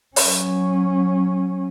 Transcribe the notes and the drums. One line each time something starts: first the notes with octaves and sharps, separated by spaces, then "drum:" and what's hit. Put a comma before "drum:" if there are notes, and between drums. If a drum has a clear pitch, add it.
F#3 C#4, drum: open hi-hat